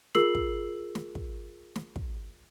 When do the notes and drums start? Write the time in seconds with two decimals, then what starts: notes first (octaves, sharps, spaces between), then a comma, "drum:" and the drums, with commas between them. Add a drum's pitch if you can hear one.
0.15 F4 G#4 A#4 E6 C7 F#7, drum: snare
0.35 drum: kick
0.95 drum: snare
1.15 drum: kick
1.76 drum: snare
1.96 drum: kick